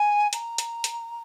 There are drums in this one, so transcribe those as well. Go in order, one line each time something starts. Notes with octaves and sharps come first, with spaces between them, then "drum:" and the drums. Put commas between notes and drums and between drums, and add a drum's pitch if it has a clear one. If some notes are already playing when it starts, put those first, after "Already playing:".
Already playing: G#5
A#5, drum: hi-hat
drum: hi-hat
drum: hi-hat